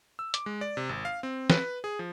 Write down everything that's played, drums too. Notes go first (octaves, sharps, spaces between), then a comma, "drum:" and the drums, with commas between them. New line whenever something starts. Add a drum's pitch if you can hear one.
E6
D6, drum: hi-hat
G#3
D5
C3
G#1
F5
C4
B4, drum: snare
G#4
F3